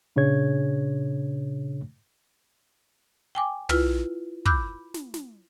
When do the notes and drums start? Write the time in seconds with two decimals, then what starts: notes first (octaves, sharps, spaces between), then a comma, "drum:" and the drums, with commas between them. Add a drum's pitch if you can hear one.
0.16 A#2 C#3 D4 G#4 C#5 G#6
3.35 G5 G#5 D6
3.69 E4 F4 B4, drum: tom
4.45 B5 D6 E6 F#6 G6, drum: kick
4.94 drum: snare
5.14 drum: snare